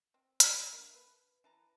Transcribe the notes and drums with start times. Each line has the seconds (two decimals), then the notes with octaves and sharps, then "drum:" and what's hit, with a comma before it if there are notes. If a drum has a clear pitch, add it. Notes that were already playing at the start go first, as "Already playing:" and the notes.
0.14 C4
0.40 F#3, drum: hi-hat
0.72 D3 A#3 E5
0.95 B4
1.44 E3 A5 A#5